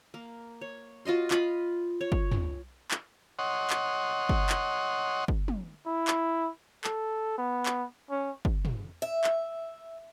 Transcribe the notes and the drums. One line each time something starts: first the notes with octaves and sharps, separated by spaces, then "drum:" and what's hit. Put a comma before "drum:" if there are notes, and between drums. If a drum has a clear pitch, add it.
A#3
C#5
F4 F#4 D#5 C6
F4 D#5 B5, drum: clap
C#5
drum: kick
drum: tom
drum: clap
C#5 D#5 F#5 C6
drum: clap
drum: kick
drum: clap
drum: kick
drum: tom
E4
drum: clap
A4, drum: clap
B3
drum: clap
C#4
drum: kick
drum: tom
E5
drum: clap